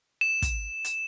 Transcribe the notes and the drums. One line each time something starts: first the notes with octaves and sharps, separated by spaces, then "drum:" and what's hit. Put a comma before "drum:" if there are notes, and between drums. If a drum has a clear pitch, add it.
E7
drum: kick, hi-hat
drum: hi-hat